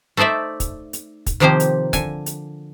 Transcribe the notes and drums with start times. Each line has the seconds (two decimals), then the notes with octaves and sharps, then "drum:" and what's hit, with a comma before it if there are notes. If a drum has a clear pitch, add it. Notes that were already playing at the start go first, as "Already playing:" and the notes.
0.17 A3 D#4 C5 D5 E5
0.60 drum: kick, hi-hat
0.93 drum: hi-hat
1.26 drum: kick, hi-hat
1.40 C3 D#3 F3 A#3 G4 C5
1.60 drum: hi-hat
1.93 D3 G#5, drum: kick, hi-hat
2.26 drum: hi-hat